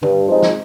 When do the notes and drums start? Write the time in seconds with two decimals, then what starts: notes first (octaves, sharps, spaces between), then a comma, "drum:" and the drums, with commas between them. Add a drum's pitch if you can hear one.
0.03 G2, drum: tom
0.27 F3 G#3 C4 D#4
0.43 drum: snare